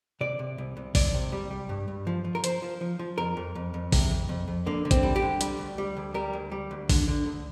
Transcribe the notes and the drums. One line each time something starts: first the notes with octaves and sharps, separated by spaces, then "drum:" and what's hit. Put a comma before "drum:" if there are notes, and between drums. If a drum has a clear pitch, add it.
C3 D5
C3
C2
C2
C2 D5, drum: kick A1, open hi-hat
C3
G3
G3
G2
G2
F3
F3
A#4
F3 C5, drum: hi-hat
F3
F3
F3
F2 A#4
F2
F2
F2
C3, drum: kick A1, open hi-hat
F2
F2
F2
D3 A#3
D3
C4, drum: kick A1, hi-hat
G3
G4
D3
G3, drum: hi-hat
D2
G3
D2
G3 A#4
D2
G3
D2
D3, drum: kick A1, open hi-hat
D3
D2